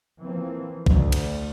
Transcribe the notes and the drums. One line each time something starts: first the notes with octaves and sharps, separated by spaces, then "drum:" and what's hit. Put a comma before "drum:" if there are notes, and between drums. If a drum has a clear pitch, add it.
E3 F3 A#3 C4
D2, drum: kick
drum: cymbal